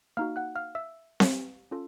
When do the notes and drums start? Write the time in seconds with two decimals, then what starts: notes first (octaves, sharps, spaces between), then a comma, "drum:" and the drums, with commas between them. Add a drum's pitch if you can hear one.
0.17 A#3 D#4 F#4 F5 F6
0.36 F#5 F#6
0.55 F5 F6
0.75 E5 E6
1.20 drum: snare C4
1.71 C#4 F4 A4